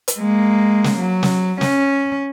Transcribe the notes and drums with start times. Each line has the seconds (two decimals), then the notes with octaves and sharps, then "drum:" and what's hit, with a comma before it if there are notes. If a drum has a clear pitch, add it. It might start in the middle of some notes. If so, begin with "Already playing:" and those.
0.08 drum: hi-hat
0.18 G#3 A#3
0.84 drum: snare
0.99 F#3
1.23 drum: snare
1.61 C#4, drum: snare